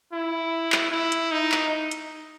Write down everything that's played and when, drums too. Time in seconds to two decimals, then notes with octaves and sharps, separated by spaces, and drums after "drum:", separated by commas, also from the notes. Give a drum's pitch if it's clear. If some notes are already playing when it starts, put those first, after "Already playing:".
0.13 E4
0.72 drum: clap
0.92 E4
1.12 drum: hi-hat
1.32 D#4
1.52 drum: clap
1.91 drum: hi-hat